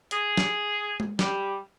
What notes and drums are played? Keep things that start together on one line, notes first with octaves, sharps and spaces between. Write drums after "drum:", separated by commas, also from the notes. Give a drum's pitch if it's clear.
G#4, drum: hi-hat
drum: snare
drum: tom G#3
G3, drum: snare